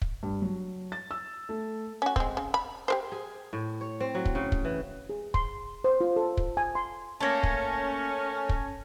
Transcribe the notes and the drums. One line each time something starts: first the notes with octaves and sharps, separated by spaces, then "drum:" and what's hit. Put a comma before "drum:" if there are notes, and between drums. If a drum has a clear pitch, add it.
drum: kick
G2
F#3
A6
E6
A3
C#4 F#4
G#3 C4, drum: kick
C#3
B5
G4 A#4 C5
G#4
A2
C#5
C4
F#3
drum: kick
C#3
drum: kick
E3
G#4
C6, drum: kick
C5
F4
A4
drum: kick
G#5
C6
A3 A#3 C#4 A5 G#6 A#6
drum: kick
drum: kick